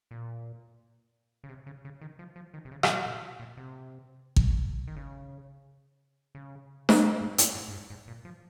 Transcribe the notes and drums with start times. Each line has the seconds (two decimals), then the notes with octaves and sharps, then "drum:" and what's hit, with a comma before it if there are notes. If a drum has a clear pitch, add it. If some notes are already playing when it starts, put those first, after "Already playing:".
0.11 A#2
1.44 C#3
1.49 C3
1.66 C#3
1.85 C#3
2.01 D#3
2.19 F3
2.36 F3
2.54 D#3
2.65 C3
2.71 C#3
2.83 A#2, drum: rim click
2.88 C3
3.06 A#2
3.40 A#2
3.57 C3
4.36 drum: kick
4.87 D#3
4.96 C#3
6.35 C#3
6.89 drum: snare
7.03 C3
7.21 G#2
7.38 G2, drum: hi-hat
7.55 G#2
7.68 G#2
7.73 G2
7.90 G#2
8.08 A#2
8.25 F3